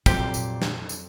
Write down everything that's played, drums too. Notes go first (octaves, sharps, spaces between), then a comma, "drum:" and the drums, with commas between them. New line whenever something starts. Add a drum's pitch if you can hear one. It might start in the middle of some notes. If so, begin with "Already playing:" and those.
F2 A#2 F#3 G4 C5, drum: kick, tambourine
drum: tambourine
drum: snare
drum: tambourine